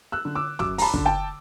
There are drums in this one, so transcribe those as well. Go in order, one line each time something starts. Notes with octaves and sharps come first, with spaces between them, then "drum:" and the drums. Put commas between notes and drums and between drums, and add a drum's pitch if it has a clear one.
E6 F#6
D3
D6 E6
F#2 D6 E6, drum: snare
A#5, drum: open hi-hat
A5 B5
D3, drum: kick
G5 A5